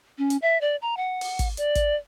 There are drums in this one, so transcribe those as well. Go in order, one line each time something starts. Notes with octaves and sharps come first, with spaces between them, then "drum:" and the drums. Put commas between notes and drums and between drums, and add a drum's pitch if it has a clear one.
C#4
drum: hi-hat
E5
D5
A#5
F#5
drum: open hi-hat
drum: kick, hi-hat
D5, drum: hi-hat
drum: kick, hi-hat